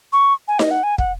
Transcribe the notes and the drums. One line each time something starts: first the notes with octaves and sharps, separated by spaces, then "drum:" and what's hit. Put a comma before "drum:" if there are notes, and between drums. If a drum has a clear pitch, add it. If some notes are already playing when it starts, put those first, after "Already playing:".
C#6
G#5
D#5, drum: snare D#4
F#5
G#5
F#5, drum: kick